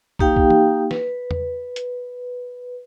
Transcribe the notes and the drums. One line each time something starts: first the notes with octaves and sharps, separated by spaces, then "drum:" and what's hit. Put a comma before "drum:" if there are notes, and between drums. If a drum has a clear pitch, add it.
A#3 D#4 G4 F5 G5, drum: kick
drum: kick
drum: tom E3
B4, drum: snare
drum: tom E2
drum: hi-hat